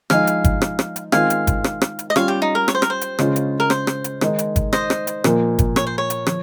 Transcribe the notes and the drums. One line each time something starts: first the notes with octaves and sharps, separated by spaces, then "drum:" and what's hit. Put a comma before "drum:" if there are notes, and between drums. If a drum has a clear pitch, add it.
F3 G#3 D#4 F5 G#5, drum: rim click
drum: hi-hat
drum: kick G1, hi-hat
drum: rim click
drum: rim click
drum: hi-hat
D#3 G#3 C4 F4 F5 G#5, drum: rim click
drum: hi-hat
drum: kick G1, hi-hat
drum: rim click
drum: rim click
drum: hi-hat
D#5
G3 C#4 F4 C#5 F5, drum: rim click
G4
D#4
A#4
C#5, drum: rim click
C5
A#4, drum: rim click
C5
drum: hi-hat
C#3 G#3 C#4 F4, drum: rim click
drum: hi-hat
A#4
C5, drum: rim click
drum: rim click
drum: hi-hat
D#3 G#3 D#4, drum: rim click
drum: hi-hat
drum: kick G1, hi-hat
C5 D#5, drum: rim click
drum: rim click
drum: hi-hat
A#2 F3 A#3, drum: rim click
drum: kick G1, hi-hat
C#5, drum: rim click
C5
C#5
drum: hi-hat
F3, drum: rim click